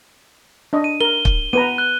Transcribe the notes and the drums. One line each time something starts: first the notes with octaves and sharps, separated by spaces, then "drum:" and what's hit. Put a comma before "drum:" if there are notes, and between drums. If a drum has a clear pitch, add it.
D4 D#5
D#7
A#4 G7
drum: kick
B3 B4 A#5 D#7
F#6 G7